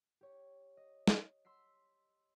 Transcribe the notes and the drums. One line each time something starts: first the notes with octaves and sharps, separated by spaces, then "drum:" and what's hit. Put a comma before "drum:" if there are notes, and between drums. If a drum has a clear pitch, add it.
G4 C#5
D#5
drum: snare
C6 E6 B6 C7